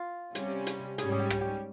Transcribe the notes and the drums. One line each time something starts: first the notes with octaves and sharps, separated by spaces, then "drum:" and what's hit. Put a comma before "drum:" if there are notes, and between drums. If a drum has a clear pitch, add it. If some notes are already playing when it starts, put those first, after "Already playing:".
Already playing: F4
C3 G3 C#4, drum: hi-hat
drum: hi-hat
G#2 G3 C#4 G#4, drum: hi-hat
G#4
G4
drum: rim click
G4